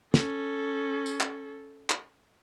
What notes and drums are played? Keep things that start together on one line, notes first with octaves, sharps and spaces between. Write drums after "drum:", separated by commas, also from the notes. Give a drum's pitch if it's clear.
C#4 A4, drum: snare
drum: tambourine
drum: clap
drum: clap